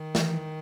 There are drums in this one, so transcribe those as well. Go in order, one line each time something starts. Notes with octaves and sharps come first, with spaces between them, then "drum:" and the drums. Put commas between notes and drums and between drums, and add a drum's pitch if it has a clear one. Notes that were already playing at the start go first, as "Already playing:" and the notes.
Already playing: D#3
E3, drum: snare